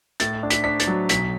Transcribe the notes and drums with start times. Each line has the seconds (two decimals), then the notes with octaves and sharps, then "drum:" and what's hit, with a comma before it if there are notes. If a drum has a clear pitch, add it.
0.20 A2 A6, drum: hi-hat
0.43 D4
0.50 B6, drum: hi-hat
0.64 D4 B6
0.80 A6, drum: hi-hat
0.87 F#3
1.09 B1 B6, drum: hi-hat